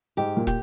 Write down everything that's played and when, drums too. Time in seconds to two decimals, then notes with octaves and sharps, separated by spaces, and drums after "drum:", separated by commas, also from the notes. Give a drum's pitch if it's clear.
0.17 G#2 G4
0.37 A#2
0.47 G4, drum: kick